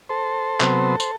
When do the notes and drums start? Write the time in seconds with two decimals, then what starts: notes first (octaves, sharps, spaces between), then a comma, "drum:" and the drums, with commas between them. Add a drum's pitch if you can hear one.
0.09 A4 C5
0.60 C3 F#3 B3, drum: clap
1.00 C5, drum: tambourine